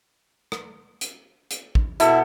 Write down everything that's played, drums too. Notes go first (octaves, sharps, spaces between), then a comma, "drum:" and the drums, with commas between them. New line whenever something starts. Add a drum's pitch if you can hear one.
drum: rim click
drum: hi-hat
drum: hi-hat
drum: kick
B2 E4 A4, drum: hi-hat